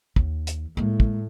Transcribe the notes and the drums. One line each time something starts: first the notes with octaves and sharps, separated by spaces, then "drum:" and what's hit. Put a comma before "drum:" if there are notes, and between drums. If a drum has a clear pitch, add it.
D#2, drum: kick
drum: hi-hat
A2 G#3 A#3
drum: kick